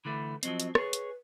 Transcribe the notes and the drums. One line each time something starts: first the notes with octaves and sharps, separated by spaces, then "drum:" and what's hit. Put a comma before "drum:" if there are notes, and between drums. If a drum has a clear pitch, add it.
D3 E3 A3 B5
F3 F#3 C4 D#5, drum: hi-hat
drum: hi-hat
G#4 B4 C#5, drum: rim click
drum: hi-hat